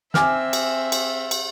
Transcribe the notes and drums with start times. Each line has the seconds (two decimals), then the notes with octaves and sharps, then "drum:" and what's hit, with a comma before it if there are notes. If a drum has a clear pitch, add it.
0.14 C4 E5 G#5 D6 F6, drum: snare
0.53 drum: cymbal
0.92 drum: cymbal
1.31 drum: cymbal